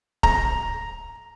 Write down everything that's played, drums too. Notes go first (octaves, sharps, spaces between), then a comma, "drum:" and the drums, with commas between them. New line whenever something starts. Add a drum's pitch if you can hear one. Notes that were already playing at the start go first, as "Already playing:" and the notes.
A#5, drum: kick D1